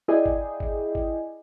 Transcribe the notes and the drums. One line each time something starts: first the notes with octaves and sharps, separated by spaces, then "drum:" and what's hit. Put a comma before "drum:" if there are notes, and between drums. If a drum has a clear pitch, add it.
E4 G#4 D5 D#5 G5
drum: kick G1
drum: kick G1
drum: kick G1